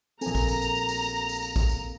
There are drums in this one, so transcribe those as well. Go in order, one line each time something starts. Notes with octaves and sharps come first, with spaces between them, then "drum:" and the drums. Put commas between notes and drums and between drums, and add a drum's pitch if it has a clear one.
A#1 C4 A4 G#5 A#5, drum: tambourine
drum: kick A1, tambourine
drum: tambourine
drum: tambourine
drum: tambourine
drum: tambourine
drum: tambourine
drum: tambourine
drum: tambourine
drum: tambourine
drum: kick A1, tambourine
drum: tambourine